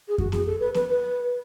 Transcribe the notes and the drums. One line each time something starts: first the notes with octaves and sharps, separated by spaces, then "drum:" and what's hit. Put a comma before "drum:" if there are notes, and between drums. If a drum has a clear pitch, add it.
G#4
F#4, drum: kick F#2
G#4, drum: snare B3
A4
B4
B4, drum: snare B3
B4